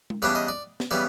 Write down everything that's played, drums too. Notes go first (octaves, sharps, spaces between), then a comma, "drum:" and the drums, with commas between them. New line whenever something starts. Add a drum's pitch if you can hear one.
drum: tom G#3
C#3 E3 G3 B3 D4 D5
D#5
D5
drum: snare
C#3 E3 G3 B3 D5